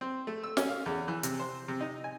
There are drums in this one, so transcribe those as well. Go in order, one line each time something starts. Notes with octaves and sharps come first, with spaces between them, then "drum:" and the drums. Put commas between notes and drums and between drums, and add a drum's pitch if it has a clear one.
C4
A3
E6
C#4, drum: snare
F5
E2
E3
C3, drum: hi-hat
C5
C3
D#4
G#5